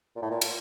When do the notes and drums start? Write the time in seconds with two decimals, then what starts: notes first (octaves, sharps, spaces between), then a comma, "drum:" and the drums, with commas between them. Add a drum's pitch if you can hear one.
0.16 A#2
0.22 A2
0.31 A#2
0.41 drum: cymbal